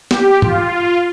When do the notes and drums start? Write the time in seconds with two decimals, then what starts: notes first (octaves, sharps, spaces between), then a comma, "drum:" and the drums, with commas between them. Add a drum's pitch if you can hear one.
0.11 G4, drum: snare
0.42 F4, drum: tom G#2